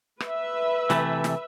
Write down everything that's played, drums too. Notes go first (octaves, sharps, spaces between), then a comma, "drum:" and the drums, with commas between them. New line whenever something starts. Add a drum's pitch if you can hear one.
B4 E5, drum: rim click
C3 E3 A3, drum: snare
drum: snare